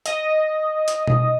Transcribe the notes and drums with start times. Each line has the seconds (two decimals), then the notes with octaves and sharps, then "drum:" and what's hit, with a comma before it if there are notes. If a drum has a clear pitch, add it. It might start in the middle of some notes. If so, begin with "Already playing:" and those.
0.06 D#5, drum: hi-hat
0.88 drum: hi-hat
1.07 drum: tom B2